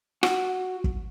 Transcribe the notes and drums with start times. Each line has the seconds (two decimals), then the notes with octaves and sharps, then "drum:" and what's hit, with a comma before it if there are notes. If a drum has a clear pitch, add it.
0.23 F#4, drum: rim click
0.84 drum: kick